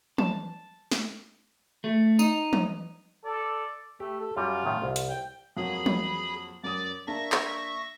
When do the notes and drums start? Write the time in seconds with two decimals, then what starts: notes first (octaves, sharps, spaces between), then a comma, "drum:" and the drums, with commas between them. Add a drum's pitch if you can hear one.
0.18 A5, drum: tom
0.92 drum: snare
1.84 A3
2.19 D#4, drum: tambourine
2.53 drum: tom
3.25 A4 D5
4.00 A3 G4
4.20 A4
4.36 F#2 G3 F4 F#4
4.65 F#2 A2 D#3
4.82 C2
4.96 drum: hi-hat
5.09 G5
5.57 F2 F#3 A#3 G#4 B5
5.86 drum: tom
6.64 F#2 A#4 D5 D6 D#6
7.07 A#3 D4 E5 A5 C#6 A#6
7.32 drum: clap